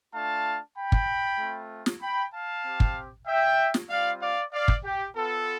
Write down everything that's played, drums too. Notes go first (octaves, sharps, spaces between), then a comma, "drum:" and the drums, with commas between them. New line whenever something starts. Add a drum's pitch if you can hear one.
A3 D4 F4 F5 A5
G5 B5
drum: kick
A3 C4 F4
drum: snare
G5 B5
F5 A5
C4 G4
drum: kick
E5 G5
drum: snare
G3 C4 F4 D5 F5
D5 F5
D5 F5
drum: kick
G4
B3 F4 A4